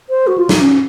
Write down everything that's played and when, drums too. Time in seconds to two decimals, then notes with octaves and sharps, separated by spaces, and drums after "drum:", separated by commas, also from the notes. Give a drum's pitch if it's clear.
0.10 C5
0.27 F#4
0.38 F4
0.49 D#4, drum: snare
0.61 C#4